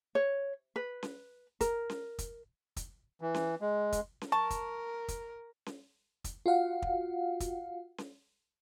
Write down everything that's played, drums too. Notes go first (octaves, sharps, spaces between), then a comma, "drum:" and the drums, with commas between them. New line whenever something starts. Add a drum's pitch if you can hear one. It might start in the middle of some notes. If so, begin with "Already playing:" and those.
C#5
B4
drum: snare C#4
A#4, drum: kick, hi-hat
drum: snare C#4
drum: kick, hi-hat
drum: kick, hi-hat
E3
drum: snare C#4
G#3
drum: kick, hi-hat
drum: snare C#4
A#4 A5 C#6
drum: kick, hi-hat
drum: kick, hi-hat
drum: snare C#4
drum: kick, hi-hat
F4 F#4 F5 F#5
drum: kick
drum: kick, hi-hat
drum: snare C#4